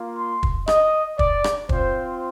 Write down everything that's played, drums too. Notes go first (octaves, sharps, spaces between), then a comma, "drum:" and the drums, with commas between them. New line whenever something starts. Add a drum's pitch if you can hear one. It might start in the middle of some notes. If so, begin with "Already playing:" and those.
Already playing: A#3 F4
C6
drum: kick
D#5, drum: rim click
D5, drum: kick
drum: rim click
C4 F4 C5, drum: kick